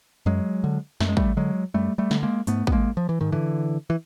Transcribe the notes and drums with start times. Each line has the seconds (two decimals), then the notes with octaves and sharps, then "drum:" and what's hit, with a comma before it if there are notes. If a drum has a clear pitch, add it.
0.26 F#2 F#3 G#3
0.64 D3
1.00 F#2 A3, drum: snare
1.09 G#3
1.17 G3 A3, drum: kick
1.37 D3 F#3 G#3
1.74 F#2 G3 A3
1.98 G3 A3
2.11 D3, drum: snare
2.23 G#3 A#3
2.47 G#2 A3 B3, drum: hi-hat
2.67 B3, drum: kick
2.72 G#3 A#3
2.97 F3
3.09 E3
3.21 G#2 D#3
3.32 D3 E3
3.90 E3